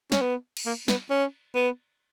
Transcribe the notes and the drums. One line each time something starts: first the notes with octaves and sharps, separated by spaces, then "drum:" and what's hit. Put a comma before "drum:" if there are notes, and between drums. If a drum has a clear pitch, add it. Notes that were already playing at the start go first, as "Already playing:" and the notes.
C#4, drum: snare
B3
drum: cymbal
A#3
B3, drum: snare
C#4
B3